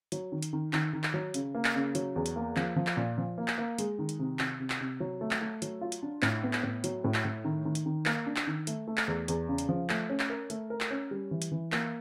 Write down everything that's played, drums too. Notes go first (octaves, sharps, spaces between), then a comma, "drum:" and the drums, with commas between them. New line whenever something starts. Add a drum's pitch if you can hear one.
F#3, drum: hi-hat
D#3
drum: hi-hat
D#3
D#3, drum: clap
D#3
drum: clap
F#3
C#3, drum: hi-hat
A#3
drum: clap
C#3
F#3, drum: hi-hat
E2
drum: hi-hat
A#3
F3, drum: clap
F3
drum: clap
A#2
F3
A#3
drum: clap
A#3
G#3, drum: hi-hat
D#3
drum: hi-hat
C3
C3, drum: clap
C3
drum: clap
C3
F#3
A3
drum: clap
A3
F#3, drum: hi-hat
F4
drum: hi-hat
D4
A2, drum: clap
B3
drum: clap
A2
F#3, drum: hi-hat
A2
drum: clap
A2
D#3
D#3
drum: hi-hat
D#3
A#3, drum: clap
D4
drum: clap
D#3
A3, drum: hi-hat
A3
drum: clap
E2
E2, drum: hi-hat
C#3
drum: hi-hat
F3
A3, drum: clap
C#4
drum: clap
A#4
A3, drum: hi-hat
A#4
drum: clap
C#4
G3
E3
drum: hi-hat
E3
A#3, drum: clap